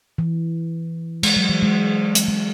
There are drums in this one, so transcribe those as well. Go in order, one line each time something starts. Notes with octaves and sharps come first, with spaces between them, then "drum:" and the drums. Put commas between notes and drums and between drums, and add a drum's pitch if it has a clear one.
E3
G#3, drum: cymbal
F#3
E3
G#3
drum: hi-hat
G#3